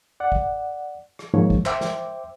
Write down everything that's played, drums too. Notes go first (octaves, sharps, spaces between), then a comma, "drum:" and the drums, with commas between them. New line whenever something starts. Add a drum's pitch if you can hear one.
D5 F#5
drum: kick G#1
drum: rim click
G#2 D#3 F3 A#3 C#5
drum: kick G#1
C5 E5 G5 D6, drum: clap
drum: snare